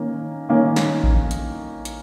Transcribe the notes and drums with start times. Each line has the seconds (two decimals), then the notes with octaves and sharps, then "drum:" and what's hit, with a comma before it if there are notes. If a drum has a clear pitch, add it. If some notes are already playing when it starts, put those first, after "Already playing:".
Already playing: D#3 A#3 C#4
0.49 D#3 A#3 C#4
0.76 drum: snare
1.04 drum: kick A1
1.31 drum: hi-hat
1.85 drum: hi-hat